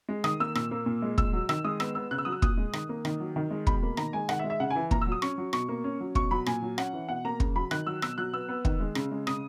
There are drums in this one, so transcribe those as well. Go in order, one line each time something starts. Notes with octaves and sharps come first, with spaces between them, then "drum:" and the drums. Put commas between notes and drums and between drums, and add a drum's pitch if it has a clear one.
G#3
D#3 D#6, drum: rim click
A#3 E6
A#2 E6, drum: rim click
A#3
A#2
G#3
A#2 E6, drum: kick
F#3
D#3 E6, drum: rim click
G#3 D#6
B3 E6, drum: rim click
B3 E6
C#3 F#6
E6
F#3 D#6
E6
A#2 D#6, drum: kick
G#3
D#3, drum: rim click
A#3
D#3, drum: rim click
F#3
D#3
G#3
B2 B5, drum: kick
A#3
D#3 A#5, drum: rim click
G#3 G#5
D#3 F#5, drum: rim click
E5
G#3
E5
C#3 F#5
G#5
E3
A#2 A#5, drum: kick
E6
F#3
D#6
C#4 C#6, drum: rim click
F#3
B2 C#6, drum: rim click
A#3
C#4
F#3
B2 C#6, drum: kick
F#3 B5
A#2 G#5, drum: rim click
F#3
C#4 F#5, drum: rim click
E3
B2 F#5
A#3 A#5
C#3, drum: kick
F#3 B5
D#3 F#6, drum: rim click
F#3 E6
B2 E6, drum: rim click
F#3 F#6
B3 E6
B3
D#3, drum: kick
G#3
C#3, drum: rim click
G#3
C#3 D#6, drum: rim click